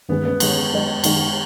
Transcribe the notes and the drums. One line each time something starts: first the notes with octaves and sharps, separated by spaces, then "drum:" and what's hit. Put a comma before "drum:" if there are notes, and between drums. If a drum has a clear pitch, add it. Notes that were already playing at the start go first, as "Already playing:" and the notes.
G2 D#3 G#3 B3 C#4
B3
G2 D#3 G#3 C#4, drum: cymbal
F#2 D#3 G#3
F#2 D#3 G#3, drum: cymbal